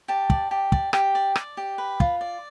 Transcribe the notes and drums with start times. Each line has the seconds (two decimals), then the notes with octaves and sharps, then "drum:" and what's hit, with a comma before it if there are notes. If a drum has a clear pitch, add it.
0.08 G4 A5
0.30 D5, drum: kick
0.51 G4
0.72 D5, drum: kick
0.93 G4, drum: rim click
1.15 D5
1.36 D5, drum: rim click
1.57 G4
1.78 B4
2.00 F4, drum: kick
2.21 D5